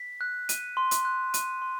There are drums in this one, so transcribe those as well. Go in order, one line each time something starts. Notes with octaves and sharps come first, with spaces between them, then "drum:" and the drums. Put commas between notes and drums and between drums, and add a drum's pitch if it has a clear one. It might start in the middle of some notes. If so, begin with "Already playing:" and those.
Already playing: B6
F#6
D#7, drum: hi-hat
C6
drum: hi-hat
F#6
D#7, drum: hi-hat
C6